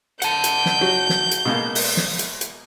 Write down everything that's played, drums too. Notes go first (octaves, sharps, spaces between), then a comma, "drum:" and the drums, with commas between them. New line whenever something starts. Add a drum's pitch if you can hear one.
F#5 A5 G6, drum: hi-hat
drum: hi-hat
drum: snare
F#3
drum: snare
drum: hi-hat
B2 G#3 A#3
drum: open hi-hat
drum: snare
drum: hi-hat
drum: hi-hat